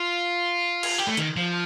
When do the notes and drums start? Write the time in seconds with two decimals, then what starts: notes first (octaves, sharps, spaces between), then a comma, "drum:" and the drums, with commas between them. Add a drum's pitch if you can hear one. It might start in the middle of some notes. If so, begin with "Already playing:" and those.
Already playing: F4
0.83 drum: cymbal
0.98 G4
1.07 A3
1.17 D#3, drum: hi-hat
1.36 F3